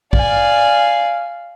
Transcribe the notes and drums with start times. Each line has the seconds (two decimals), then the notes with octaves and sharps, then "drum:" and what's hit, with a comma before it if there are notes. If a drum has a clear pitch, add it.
0.13 D5 F5 G#5, drum: kick A1